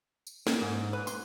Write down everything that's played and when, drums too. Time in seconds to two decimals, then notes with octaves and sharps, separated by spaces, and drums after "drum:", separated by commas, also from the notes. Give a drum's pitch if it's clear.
0.27 drum: tambourine
0.47 A#3, drum: snare
0.61 G#2
0.93 B4
1.07 C6, drum: tambourine